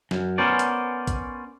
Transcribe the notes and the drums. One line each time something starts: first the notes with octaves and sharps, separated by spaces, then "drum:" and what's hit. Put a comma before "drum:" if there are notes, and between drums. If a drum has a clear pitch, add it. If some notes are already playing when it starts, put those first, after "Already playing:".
F#2, drum: snare
B3 C#4 A#4 C5 D5
drum: hi-hat
drum: kick A1, hi-hat